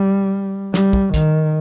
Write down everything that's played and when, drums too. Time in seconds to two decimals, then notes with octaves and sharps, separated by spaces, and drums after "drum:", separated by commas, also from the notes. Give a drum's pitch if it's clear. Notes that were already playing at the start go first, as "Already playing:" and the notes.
Already playing: G3
0.74 G3, drum: snare
0.93 drum: kick
1.14 D#3, drum: kick, hi-hat